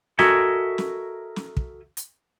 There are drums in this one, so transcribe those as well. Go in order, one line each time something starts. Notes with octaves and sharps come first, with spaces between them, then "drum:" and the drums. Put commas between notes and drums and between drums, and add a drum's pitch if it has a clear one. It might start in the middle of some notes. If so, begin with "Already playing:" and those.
F#4 A4 A#4 D#5 E5 G#5, drum: snare
drum: snare
drum: snare
drum: kick
drum: hi-hat